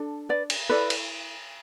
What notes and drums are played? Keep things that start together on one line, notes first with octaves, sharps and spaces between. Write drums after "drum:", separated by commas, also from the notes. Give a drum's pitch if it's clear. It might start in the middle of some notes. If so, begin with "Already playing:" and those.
Already playing: D4 A4
B4 D5
drum: cymbal
E4 A4 B4 D5
drum: cymbal